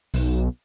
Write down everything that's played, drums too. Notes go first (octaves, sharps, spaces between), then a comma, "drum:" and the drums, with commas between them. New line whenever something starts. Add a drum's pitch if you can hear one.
B1, drum: open hi-hat